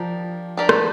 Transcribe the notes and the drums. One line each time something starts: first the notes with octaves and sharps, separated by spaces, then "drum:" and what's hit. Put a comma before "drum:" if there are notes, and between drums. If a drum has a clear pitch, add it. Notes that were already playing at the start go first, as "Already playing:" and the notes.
Already playing: F3 D4 G4 A#4
D4 G4 A#4 D5
drum: rim click